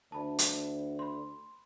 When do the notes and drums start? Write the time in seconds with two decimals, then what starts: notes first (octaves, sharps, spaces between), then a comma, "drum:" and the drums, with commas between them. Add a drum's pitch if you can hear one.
0.12 D2 A5 B5
0.39 drum: hi-hat
0.99 B5 C6